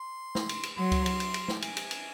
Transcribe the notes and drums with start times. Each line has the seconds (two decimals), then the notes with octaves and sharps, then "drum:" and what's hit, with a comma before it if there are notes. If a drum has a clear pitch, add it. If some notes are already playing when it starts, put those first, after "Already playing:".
Already playing: C6
0.35 drum: snare
0.49 drum: cymbal
0.63 drum: cymbal
0.77 F#3 C6
0.92 drum: kick C#2, cymbal
1.06 drum: cymbal
1.20 drum: cymbal
1.34 drum: cymbal
1.48 drum: snare
1.62 G#5, drum: cymbal
1.77 drum: cymbal
1.91 drum: cymbal